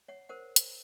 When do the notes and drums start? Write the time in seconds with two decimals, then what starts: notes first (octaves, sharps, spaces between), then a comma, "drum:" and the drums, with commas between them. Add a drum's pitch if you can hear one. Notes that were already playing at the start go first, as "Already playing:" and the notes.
0.08 C#5 F#5
0.29 A#4 C5 F#5
0.56 drum: hi-hat